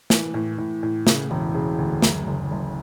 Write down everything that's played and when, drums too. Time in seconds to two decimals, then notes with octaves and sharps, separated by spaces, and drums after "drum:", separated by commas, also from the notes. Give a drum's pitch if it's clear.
0.10 E3, drum: snare
0.34 A2
0.58 A2
0.83 A2
1.07 C#3, drum: snare
1.31 E1
1.55 C#3
1.78 D2
2.02 F#2, drum: snare
2.27 F#1
2.51 F#1